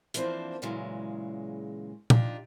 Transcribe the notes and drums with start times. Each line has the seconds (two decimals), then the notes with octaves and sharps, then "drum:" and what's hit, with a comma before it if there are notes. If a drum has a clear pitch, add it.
0.14 E3 F3 A#3 C4 D4 C5, drum: hi-hat
0.62 A#2 C#3 E3 F#3 G#3
2.10 D4 D#4 F4 G4, drum: tom